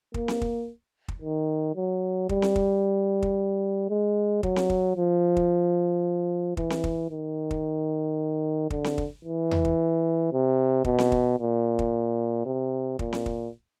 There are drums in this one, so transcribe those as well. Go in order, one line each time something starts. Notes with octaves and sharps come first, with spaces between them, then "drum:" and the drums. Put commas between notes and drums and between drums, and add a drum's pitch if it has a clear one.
A#3, drum: kick
drum: snare C4
drum: kick
drum: kick
D#3
F#3
G3, drum: kick
drum: snare C4
drum: kick
drum: kick
G#3
F#3, drum: kick
drum: snare C4
drum: kick
F3
drum: kick
E3, drum: kick
drum: snare C4
drum: kick
D#3
drum: kick
D3, drum: kick
drum: snare C4
drum: kick
E3
drum: tom E2
drum: kick
C3
B2, drum: kick
drum: snare C4
drum: kick
A#2
drum: kick
C3
A#2, drum: kick
drum: snare C4
drum: kick